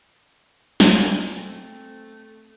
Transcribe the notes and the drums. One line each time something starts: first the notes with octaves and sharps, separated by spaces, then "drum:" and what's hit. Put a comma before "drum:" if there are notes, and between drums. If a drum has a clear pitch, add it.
drum: snare
G2 G#5
A3 C4